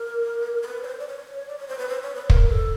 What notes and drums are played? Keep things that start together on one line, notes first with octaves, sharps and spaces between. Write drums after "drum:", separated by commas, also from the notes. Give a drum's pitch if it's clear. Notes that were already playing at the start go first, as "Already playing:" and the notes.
Already playing: A#4
A#4
B4
C#5
C5
D5
C#5
D5
C#5
C5
B4
C5
C#5
B4
A#4, drum: kick
A4